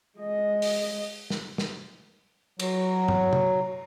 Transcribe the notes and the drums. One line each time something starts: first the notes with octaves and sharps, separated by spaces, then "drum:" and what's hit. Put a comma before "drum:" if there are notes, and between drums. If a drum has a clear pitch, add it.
G#3 D#5
drum: open hi-hat
drum: snare
drum: snare
F#3, drum: cymbal
drum: tom G2
drum: tom